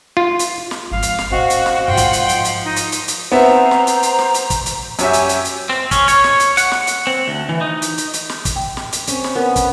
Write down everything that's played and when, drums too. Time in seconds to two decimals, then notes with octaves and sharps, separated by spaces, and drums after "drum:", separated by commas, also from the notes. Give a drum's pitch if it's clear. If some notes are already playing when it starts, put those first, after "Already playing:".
0.17 F4
0.39 drum: hi-hat
0.71 drum: snare
0.91 G#1 F3 F5
1.03 drum: hi-hat
1.18 drum: snare
1.31 A2 C4 C#4 F#4 D#5 F5
1.50 drum: hi-hat
1.66 drum: snare
1.88 G#2 F4 F#5 G5 C6
1.97 drum: kick, hi-hat
2.13 drum: hi-hat
2.29 F3, drum: hi-hat
2.45 drum: hi-hat
2.64 D#4
2.76 drum: hi-hat
2.92 drum: hi-hat
3.08 drum: hi-hat
3.32 B3 C4 C5 E5 A#5
3.71 drum: snare
3.87 drum: hi-hat
4.03 drum: hi-hat
4.19 drum: snare
4.34 drum: hi-hat
4.50 drum: kick, hi-hat
4.66 drum: hi-hat
4.99 F#2 C#4 G4 E5 G#5, drum: hi-hat
5.13 drum: hi-hat
5.29 drum: hi-hat
5.45 drum: hi-hat
5.70 C4
5.91 C#4, drum: kick, hi-hat
6.08 C#5, drum: hi-hat
6.24 drum: snare
6.40 drum: hi-hat
6.57 F#5, drum: hi-hat
6.71 drum: snare
6.87 drum: hi-hat
7.07 C4
7.28 D2
7.49 E3
7.61 D#4
7.82 drum: hi-hat
7.98 drum: hi-hat
8.14 drum: hi-hat
8.29 drum: snare
8.45 drum: kick, hi-hat
8.56 G5
8.77 drum: snare
8.93 drum: hi-hat
9.08 C4 C#4, drum: hi-hat
9.24 drum: snare
9.35 B3 A#4 B5
9.56 drum: kick, hi-hat